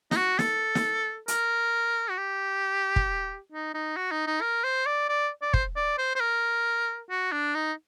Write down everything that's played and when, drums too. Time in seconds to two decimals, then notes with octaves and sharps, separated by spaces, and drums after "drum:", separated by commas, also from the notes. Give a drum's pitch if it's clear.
0.11 D#4, drum: snare
0.17 F#4
0.39 A4, drum: snare
0.75 drum: snare
1.28 A#4, drum: hi-hat
2.10 F#4
2.18 G4
2.96 drum: kick
3.52 D#4
3.74 D#4
3.97 F#4
4.12 D#4
4.27 D#4
4.42 A#4
4.64 C5
4.86 D5
5.09 D5
5.42 D5
5.54 C5, drum: kick
5.76 D5
5.98 C5
6.15 C5
6.20 A#4
7.10 F#4
7.32 D4
7.55 D#4